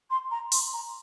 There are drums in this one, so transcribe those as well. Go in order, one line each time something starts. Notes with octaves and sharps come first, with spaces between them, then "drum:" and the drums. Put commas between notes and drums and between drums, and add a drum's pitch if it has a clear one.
C6
A#5
C6, drum: open hi-hat
A#5